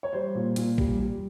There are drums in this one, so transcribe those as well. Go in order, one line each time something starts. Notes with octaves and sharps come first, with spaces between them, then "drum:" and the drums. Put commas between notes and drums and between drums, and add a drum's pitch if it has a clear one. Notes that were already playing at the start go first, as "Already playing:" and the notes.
C#5
G3 C5
A#2
A#2, drum: hi-hat
G3, drum: kick
G3